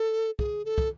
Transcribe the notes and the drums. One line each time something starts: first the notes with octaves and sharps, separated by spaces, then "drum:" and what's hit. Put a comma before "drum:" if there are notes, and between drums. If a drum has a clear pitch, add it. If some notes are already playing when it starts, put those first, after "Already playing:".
Already playing: A4
G#4, drum: kick
A4
drum: kick